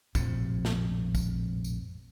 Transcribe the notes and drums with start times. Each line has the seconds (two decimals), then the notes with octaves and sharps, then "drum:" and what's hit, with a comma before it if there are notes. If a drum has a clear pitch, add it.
0.15 A#1 F2 A2 C3, drum: kick, tambourine
0.65 drum: snare
1.15 drum: kick, tambourine
1.64 drum: tambourine